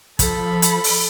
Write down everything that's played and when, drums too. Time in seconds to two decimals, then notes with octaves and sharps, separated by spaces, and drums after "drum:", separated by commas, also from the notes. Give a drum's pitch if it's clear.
0.19 F3 A4 B5, drum: kick, hi-hat
0.62 drum: hi-hat
0.84 drum: open hi-hat